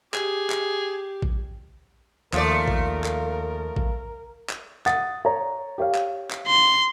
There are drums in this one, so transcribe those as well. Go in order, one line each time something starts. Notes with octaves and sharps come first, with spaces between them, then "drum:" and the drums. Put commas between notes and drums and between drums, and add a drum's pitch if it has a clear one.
G4 G#4, drum: clap
drum: clap
drum: kick A1
D#2 F3 A3 A#4 D5, drum: clap
drum: kick A1
drum: clap
drum: kick A1
drum: clap
F#5 D#6 A6, drum: clap
C#5 A#5
G4 C#5 F5
drum: clap
drum: clap
C6